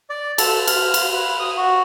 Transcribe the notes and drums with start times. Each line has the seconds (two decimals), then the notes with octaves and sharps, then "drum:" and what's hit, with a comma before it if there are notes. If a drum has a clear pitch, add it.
0.10 D5
0.38 A4, drum: cymbal
0.67 F6, drum: cymbal
0.94 drum: cymbal
1.13 B4
1.40 D#6
1.57 F#4